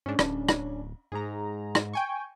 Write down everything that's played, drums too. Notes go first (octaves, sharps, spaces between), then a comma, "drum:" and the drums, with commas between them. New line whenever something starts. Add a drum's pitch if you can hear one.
G#2 C#4 D4
D1, drum: rim click
drum: rim click
G#2 G#4 A#5
drum: rim click
G5 G#5 C#6